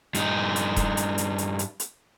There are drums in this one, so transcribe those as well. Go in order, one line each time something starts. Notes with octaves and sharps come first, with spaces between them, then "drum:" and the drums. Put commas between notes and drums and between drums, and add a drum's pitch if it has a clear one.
G2 D#4, drum: hi-hat
drum: hi-hat
drum: kick E1, hi-hat
drum: hi-hat
drum: hi-hat
drum: hi-hat
drum: hi-hat
drum: hi-hat